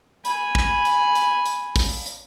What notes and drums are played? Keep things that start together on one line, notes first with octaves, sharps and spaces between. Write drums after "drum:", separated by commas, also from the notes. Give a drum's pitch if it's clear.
G#5 B5, drum: hi-hat
drum: kick
drum: hi-hat
drum: hi-hat
drum: hi-hat
drum: kick, open hi-hat
drum: hi-hat